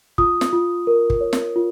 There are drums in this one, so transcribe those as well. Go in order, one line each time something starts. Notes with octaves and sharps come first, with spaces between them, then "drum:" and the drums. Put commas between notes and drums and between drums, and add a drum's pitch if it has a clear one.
F4 D#6, drum: kick
drum: snare
F4
A#4
drum: kick
C#5
drum: snare
F4